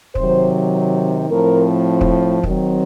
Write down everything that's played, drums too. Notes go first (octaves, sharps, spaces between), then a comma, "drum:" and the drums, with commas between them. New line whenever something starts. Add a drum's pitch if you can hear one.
C3 D#3 F#3 C5, drum: kick
A2 F3 C4 A#4
drum: kick
D#3 F#3 C4, drum: kick